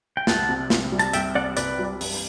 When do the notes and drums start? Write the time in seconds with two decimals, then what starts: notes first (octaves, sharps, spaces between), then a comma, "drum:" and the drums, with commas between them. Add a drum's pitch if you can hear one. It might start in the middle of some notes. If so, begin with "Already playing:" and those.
0.17 G5
0.27 C2 F#5 A5, drum: snare
0.49 C3
0.70 C2, drum: snare
0.92 G3
0.99 A5, drum: hi-hat
1.13 C2 E5 G5, drum: hi-hat
1.35 C3 D5 F#5
1.57 C2 B4 D5, drum: hi-hat
1.79 G3
2.01 G2, drum: open hi-hat